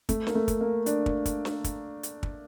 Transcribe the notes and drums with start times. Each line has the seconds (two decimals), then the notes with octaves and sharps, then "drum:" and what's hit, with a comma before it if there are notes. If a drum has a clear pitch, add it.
0.09 A3, drum: kick, hi-hat
0.27 A#3, drum: snare
0.35 A3
0.48 drum: kick, hi-hat
0.61 A#3
0.86 D4, drum: hi-hat
1.06 drum: kick
1.26 drum: kick, hi-hat
1.45 drum: snare
1.64 drum: kick, hi-hat
2.03 drum: hi-hat
2.23 drum: kick